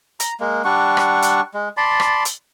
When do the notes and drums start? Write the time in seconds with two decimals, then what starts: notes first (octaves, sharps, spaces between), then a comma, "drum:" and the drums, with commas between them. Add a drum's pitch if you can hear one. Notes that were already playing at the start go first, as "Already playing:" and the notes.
0.20 A#5, drum: hi-hat
0.40 G#3 A#3
0.65 G3 D4 F#5 C#6
0.97 drum: rim click
1.23 drum: hi-hat
1.54 G#3
1.77 D5 A5 B5 C6
2.00 drum: rim click
2.25 drum: hi-hat